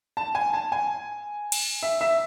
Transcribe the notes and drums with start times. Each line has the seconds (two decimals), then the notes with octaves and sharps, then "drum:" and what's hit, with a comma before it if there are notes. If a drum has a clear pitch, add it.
0.17 A5
0.35 G#5
0.53 A5
0.72 G#5
1.52 drum: cymbal
1.83 E5
2.01 E5